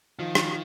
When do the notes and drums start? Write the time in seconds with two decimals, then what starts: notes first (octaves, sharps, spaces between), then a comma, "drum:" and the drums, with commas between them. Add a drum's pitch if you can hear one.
0.19 D#3 F3 F4
0.35 drum: rim click